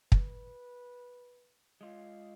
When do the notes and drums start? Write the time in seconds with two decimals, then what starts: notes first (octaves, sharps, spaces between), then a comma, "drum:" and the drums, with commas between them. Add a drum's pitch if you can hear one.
0.12 B4, drum: kick
1.81 G#3 F4